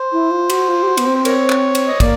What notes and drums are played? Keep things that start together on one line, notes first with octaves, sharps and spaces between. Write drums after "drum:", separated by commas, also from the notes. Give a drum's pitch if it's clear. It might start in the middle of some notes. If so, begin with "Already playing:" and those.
Already playing: C5
E4
F4
F#4, drum: cymbal
F4
G4
F#4
B3, drum: cymbal
C4
C5
A#4 C#5, drum: cymbal
drum: clap
drum: cymbal
D#5
A#3 D5, drum: kick, cymbal